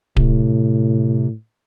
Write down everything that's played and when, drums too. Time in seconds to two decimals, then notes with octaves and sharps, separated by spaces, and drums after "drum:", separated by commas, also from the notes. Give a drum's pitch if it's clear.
0.17 A2 C3, drum: kick D1